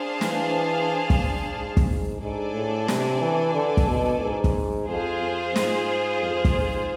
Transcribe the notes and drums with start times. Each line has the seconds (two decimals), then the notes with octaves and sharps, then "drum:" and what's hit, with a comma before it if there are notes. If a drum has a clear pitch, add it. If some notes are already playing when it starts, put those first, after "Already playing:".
Already playing: D4 G#4 C5 F5 A5
0.21 E3, drum: snare
1.10 drum: kick
1.54 G#2
1.77 drum: kick
2.21 G#2 D4 A4 D5 G#5
2.54 A2
2.88 C3, drum: snare
3.21 E3
3.54 D3
3.77 drum: kick
3.88 B2
4.22 G#2
4.44 drum: kick
4.88 F2 F4 G#4 C5
5.22 F2
5.56 G#2, drum: snare
6.22 F2
6.45 drum: kick
6.55 G#2